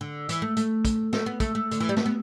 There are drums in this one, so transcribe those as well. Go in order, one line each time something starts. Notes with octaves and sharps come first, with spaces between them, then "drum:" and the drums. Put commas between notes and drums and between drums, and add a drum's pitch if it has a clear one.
D3
E3, drum: hi-hat
A3
A3, drum: hi-hat
drum: kick, hi-hat
A3, drum: snare
B3
A3, drum: kick, hi-hat
A3
D3, drum: hi-hat
E3
G3
A3, drum: snare
B3